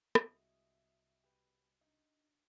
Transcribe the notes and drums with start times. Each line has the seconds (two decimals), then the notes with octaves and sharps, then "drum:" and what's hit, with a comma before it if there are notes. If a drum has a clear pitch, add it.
0.15 C2 G#3 F#4 D#5 E5, drum: rim click
1.24 G4 B4
1.81 D4 D#4